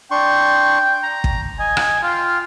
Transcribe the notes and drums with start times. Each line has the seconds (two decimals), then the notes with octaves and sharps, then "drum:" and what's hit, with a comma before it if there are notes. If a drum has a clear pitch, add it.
0.11 D4 G5 C6 C#6
1.03 A#5
1.24 drum: kick
1.59 D#5 G#5
1.77 drum: rim click
2.03 F4 F5 G5